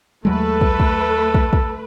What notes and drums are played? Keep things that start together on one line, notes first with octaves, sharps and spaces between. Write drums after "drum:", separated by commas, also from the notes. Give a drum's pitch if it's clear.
D#2 F#3 G#3 A3 A4 B4
drum: kick
drum: kick
drum: kick
drum: kick